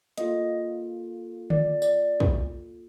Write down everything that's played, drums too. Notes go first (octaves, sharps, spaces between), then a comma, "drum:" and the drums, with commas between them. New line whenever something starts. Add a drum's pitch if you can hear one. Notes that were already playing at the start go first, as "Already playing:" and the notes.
A#3 F4 A4 D#5, drum: hi-hat
D5, drum: tom D3
D5, drum: tambourine
drum: kick